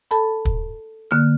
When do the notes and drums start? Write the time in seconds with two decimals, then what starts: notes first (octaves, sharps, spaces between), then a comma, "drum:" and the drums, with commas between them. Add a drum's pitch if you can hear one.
0.11 A4 A5 B5
0.45 drum: kick
1.11 D3 A#3 F6